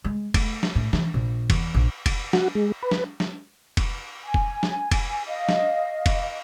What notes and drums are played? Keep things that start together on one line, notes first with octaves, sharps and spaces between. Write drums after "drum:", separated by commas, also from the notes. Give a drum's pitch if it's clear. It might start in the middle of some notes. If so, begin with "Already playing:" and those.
G#3
A3, drum: kick F1, cymbal
drum: snare
A2
E3, drum: snare
A#1
E2, drum: kick F1, cymbal
A#1
drum: kick F1, cymbal
F#4, drum: snare
G#3
B4
drum: snare
drum: snare
drum: kick F1, cymbal
G#5
drum: kick F1
drum: snare
drum: kick F1, cymbal
D#5 F5
drum: snare
drum: kick F1, cymbal